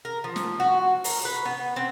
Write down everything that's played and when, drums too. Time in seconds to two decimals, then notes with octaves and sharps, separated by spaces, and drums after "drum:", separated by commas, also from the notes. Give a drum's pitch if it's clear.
0.05 A#4
0.24 F3
0.36 drum: snare
0.60 F#4
1.04 A#4, drum: open hi-hat
1.25 B4
1.45 B3
1.76 C4